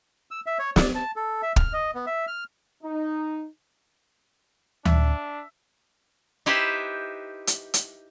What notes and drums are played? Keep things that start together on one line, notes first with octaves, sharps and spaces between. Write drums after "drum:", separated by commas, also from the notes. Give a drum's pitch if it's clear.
E6
E5
C#5
D5, drum: snare
A5
A4
E5
F6, drum: kick
D#5
B3
E5
F6
D#4
D4 E5, drum: tom D2
D#4 E4 G4 B4 C5 E5
drum: hi-hat
drum: hi-hat